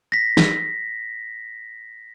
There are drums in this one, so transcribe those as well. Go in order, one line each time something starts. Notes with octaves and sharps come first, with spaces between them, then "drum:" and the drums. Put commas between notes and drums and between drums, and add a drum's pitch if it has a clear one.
A#6 B6
drum: snare